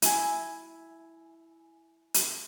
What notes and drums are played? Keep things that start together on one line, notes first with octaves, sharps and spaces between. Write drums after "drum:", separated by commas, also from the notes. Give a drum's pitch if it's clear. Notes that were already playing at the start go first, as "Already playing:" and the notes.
E4 G#5, drum: hi-hat
drum: hi-hat